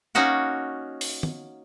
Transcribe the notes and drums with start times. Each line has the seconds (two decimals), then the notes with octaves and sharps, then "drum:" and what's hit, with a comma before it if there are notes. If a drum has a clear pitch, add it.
0.15 A#3 C#4 D#4 F#4 F#5
1.01 drum: open hi-hat
1.23 drum: tom